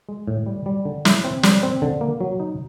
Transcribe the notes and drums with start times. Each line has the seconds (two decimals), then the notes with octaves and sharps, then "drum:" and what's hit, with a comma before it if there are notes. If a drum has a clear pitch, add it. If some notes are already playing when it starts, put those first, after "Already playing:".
0.09 G#3
0.27 A2
0.46 G3
0.66 G3
0.85 D3
1.05 E4, drum: snare
1.24 C4
1.43 G3, drum: snare
1.63 C4
1.82 D3
2.01 A#3
2.21 F#3
2.40 D#4